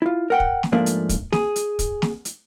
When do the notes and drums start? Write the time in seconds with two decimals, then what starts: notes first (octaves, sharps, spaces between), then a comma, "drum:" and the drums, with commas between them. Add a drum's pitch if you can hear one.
0.02 E4 F4
0.30 A#4 F#5 G5
0.40 drum: kick
0.63 drum: snare
0.72 G#2 F3 A3 A#3 D4
0.86 drum: hi-hat
1.09 drum: kick, hi-hat
1.33 G#4, drum: snare
1.56 drum: hi-hat
1.79 drum: kick, hi-hat
2.02 drum: snare
2.25 drum: hi-hat